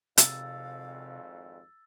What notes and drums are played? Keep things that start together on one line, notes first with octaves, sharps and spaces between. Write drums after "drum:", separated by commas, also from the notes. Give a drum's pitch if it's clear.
G#1 F2 C3 F5 E6 A6, drum: hi-hat